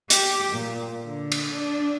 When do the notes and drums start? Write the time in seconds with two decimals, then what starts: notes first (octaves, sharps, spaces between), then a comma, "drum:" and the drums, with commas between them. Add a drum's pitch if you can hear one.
0.10 G4, drum: hi-hat
0.53 A#2
1.04 D3
1.32 drum: cymbal
1.53 D4